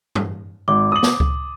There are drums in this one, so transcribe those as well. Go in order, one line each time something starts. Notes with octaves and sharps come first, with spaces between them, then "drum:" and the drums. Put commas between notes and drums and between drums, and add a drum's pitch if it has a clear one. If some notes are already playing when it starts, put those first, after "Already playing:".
drum: tom G2
G#1 D6
D#6 F#7
drum: snare
drum: kick C#2